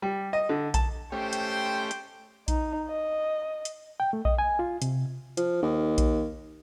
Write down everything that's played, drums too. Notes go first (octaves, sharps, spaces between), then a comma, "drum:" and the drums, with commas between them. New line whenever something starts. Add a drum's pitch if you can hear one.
G3
D#5
D3
A5, drum: kick A#1, hi-hat
A3 C#4 G4 C5 G5
drum: hi-hat
drum: hi-hat
D#4, drum: kick A#1, hi-hat
D#5
drum: hi-hat
G5
A3
D#5, drum: kick A#1
G#5
F4
C3, drum: hi-hat
F3, drum: hi-hat
D#2
drum: kick A#1, hi-hat